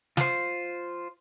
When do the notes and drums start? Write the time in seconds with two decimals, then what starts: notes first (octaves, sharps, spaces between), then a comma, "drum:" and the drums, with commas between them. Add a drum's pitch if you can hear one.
0.17 F4 C5, drum: snare